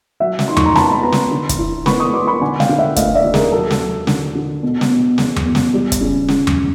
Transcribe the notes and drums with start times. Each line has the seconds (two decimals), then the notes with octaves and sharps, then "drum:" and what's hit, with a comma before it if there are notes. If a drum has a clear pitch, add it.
0.20 F#3 E5 F#5
0.39 drum: snare
0.48 D#4 C6
0.57 C#6, drum: tom E2
0.66 A#5 C6
0.75 B3 A5 B5, drum: snare
0.92 B5
1.03 B3 A#5 C6
1.12 drum: snare
1.31 D3
1.49 drum: kick, hi-hat
1.58 E4
1.86 B3 B5 C#6, drum: snare
2.00 C#6 D#6
2.13 B3 C6 D6
2.27 B5 C#6
2.41 D3 F#5 G#5
2.60 F5 G5, drum: snare
2.69 D3
2.79 E5 F#5
2.96 A3 D#5 F5, drum: kick, hi-hat
3.15 D5 E5
3.24 D#2
3.34 G#4 A#4, drum: snare
3.52 F#3 A4
3.70 drum: snare
3.80 F#3
4.07 D3, drum: snare
4.35 D3
4.63 B2
4.81 drum: snare
4.90 B2
5.18 E2, drum: snare
5.36 drum: tom E2
5.46 B2
5.55 drum: snare
5.74 G3
5.92 drum: kick, hi-hat
6.01 C#3
6.28 C#3, drum: snare
6.47 drum: tom E2